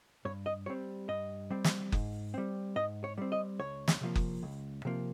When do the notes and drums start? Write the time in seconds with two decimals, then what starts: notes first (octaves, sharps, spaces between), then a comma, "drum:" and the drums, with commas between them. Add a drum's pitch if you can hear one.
0.25 G2 C#5
0.46 D#5
0.66 G3 C4 C#5
1.09 G2 D#5
1.50 G3 C4
1.64 drum: snare
1.92 G#2, drum: kick F#1
2.34 G3 C4
2.76 G#2 D#5
3.04 C#5
3.18 G3 C4
3.32 D#5
3.59 C#2 C#5
3.88 drum: snare
4.01 C3 F3 A#3
4.15 drum: kick F#1
4.43 C#2
4.85 C3 F3 A#3